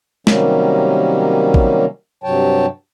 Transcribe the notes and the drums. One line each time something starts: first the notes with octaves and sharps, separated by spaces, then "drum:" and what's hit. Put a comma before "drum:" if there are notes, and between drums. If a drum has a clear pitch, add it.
C3 D#3 F#3 G3 A#3 C#4, drum: snare
drum: kick A1
G2 C3 F#3 C#5 G5 A5